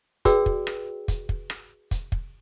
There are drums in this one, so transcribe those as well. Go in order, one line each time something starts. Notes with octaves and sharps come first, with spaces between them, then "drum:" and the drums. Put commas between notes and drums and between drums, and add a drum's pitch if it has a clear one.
F#4 G#4 B4 D5 G5 E6, drum: kick, hi-hat
drum: kick
drum: rim click
drum: kick, hi-hat
drum: kick
drum: rim click
drum: kick, hi-hat
drum: kick